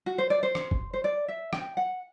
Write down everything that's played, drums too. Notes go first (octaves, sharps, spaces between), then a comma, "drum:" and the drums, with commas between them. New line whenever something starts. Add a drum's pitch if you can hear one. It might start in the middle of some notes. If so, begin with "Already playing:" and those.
F#4
C5
D5
C5
drum: rim click
drum: kick
C5
D5
E5
G5, drum: rim click
F#5